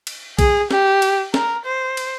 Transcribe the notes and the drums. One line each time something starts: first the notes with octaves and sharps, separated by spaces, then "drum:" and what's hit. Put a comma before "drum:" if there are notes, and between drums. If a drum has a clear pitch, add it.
drum: cymbal
G#4, drum: kick B1, cymbal
G4, drum: snare
drum: cymbal
A#4, drum: snare
C5
drum: cymbal